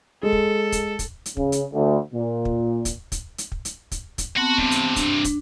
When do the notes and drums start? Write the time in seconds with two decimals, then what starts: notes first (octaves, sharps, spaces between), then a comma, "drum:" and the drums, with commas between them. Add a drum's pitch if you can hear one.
0.23 G#3 A4
0.32 drum: kick
0.72 drum: kick, hi-hat
0.99 drum: kick, hi-hat
1.26 drum: hi-hat
1.37 C#3, drum: kick
1.52 drum: hi-hat
1.73 D2
2.13 A#2
2.45 drum: kick
2.85 drum: kick, hi-hat
3.12 drum: kick, hi-hat
3.38 drum: hi-hat
3.52 drum: kick
3.65 drum: hi-hat
3.91 drum: kick, hi-hat
4.18 drum: kick, hi-hat
4.37 B3 C4 F#4 A5
4.58 G2 C3, drum: kick
4.71 drum: hi-hat
4.96 D4, drum: kick, hi-hat
5.24 drum: kick, hi-hat